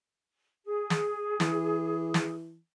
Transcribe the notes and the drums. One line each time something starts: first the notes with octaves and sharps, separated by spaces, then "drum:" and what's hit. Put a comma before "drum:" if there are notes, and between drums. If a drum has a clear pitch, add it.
G#4
drum: snare
E3, drum: snare
drum: snare